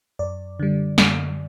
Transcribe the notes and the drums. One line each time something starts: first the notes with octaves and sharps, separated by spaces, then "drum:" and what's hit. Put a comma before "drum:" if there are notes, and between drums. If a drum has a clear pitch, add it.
F#2 D5
D3 G3
F#2, drum: snare